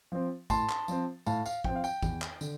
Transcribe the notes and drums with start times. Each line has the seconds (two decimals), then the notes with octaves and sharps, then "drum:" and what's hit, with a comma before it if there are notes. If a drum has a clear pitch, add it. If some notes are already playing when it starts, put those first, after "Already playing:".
0.12 F3 C4
0.50 A2 A5 C6, drum: kick, tambourine
0.69 drum: clap
0.88 F3 C4, drum: tambourine
1.26 A2 F5 A5, drum: tambourine
1.46 F5, drum: tambourine
1.64 F3 C4 G5, drum: kick
1.75 F5
1.84 G5, drum: tambourine
2.03 E2, drum: kick, tambourine
2.22 drum: clap
2.41 D3, drum: tambourine